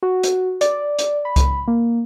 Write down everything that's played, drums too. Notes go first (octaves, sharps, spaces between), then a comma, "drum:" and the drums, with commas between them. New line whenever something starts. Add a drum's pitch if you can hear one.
F#4
drum: hi-hat
D5, drum: hi-hat
drum: hi-hat
B5
drum: kick C2, hi-hat
A#3